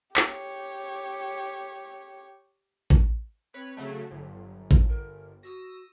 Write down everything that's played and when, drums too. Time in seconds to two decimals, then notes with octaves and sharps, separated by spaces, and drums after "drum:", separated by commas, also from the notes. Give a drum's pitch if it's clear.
0.17 G4 C#5, drum: clap
2.90 drum: kick A1
3.54 C4 B4 C#5
3.77 C#3 F#3 A3
4.11 G1 F#3
4.71 drum: kick A1
4.89 A#4
5.43 F#4 D#6 E6 A#6